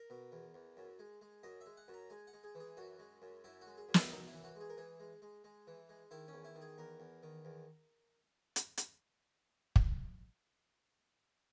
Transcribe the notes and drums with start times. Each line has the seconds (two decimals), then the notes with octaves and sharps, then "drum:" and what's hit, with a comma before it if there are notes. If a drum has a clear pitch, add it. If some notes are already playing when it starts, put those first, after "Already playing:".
Already playing: A#4
0.10 B2
0.32 E2
0.54 E2
0.77 F#2
0.99 G#3
1.21 G#3
1.43 F#2 D#5
1.61 E5
1.66 G#3
1.77 F#5
1.88 F#2
1.94 A#5
2.10 G#3 G#5
2.27 F#5
2.33 G#3
2.44 G#4
2.55 E3
2.60 G#4
2.77 F#2 F#4
2.99 G#3
3.22 F#2
3.44 F#2 E4
3.61 F#4
3.66 G#3
3.78 G#4
3.89 F#2
3.94 E4, drum: snare
4.10 F#2 D#4
4.27 E4
4.33 E3
4.44 F#4
4.55 G#3
4.60 G#4
4.70 A#4
4.77 E3 G#4
5.00 G#3
5.22 G#3
5.44 G#3
5.67 E3
5.89 G#3
6.11 D#3 E4
6.28 C#4
6.33 E2
6.44 E4
6.55 D#3
6.61 G#4
6.78 E2 A#4
7.00 E2
7.23 D#3
7.45 E2
8.56 drum: hi-hat
8.77 drum: hi-hat
9.76 drum: kick